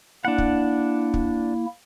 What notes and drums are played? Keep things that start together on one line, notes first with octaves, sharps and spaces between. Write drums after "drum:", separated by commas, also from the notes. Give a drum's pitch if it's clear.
A#3 D4 E4 F#5
drum: kick
drum: kick